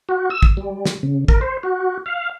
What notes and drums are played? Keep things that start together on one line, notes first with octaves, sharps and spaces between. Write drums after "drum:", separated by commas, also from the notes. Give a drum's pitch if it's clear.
F#4
E6
drum: kick
G3
drum: snare
C#3
A#4, drum: kick
C5
F#4
F5